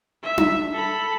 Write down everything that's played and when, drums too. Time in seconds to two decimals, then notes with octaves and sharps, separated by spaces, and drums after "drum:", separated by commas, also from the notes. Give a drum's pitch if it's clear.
0.23 E5
0.38 drum: tom D4
0.73 A4 B5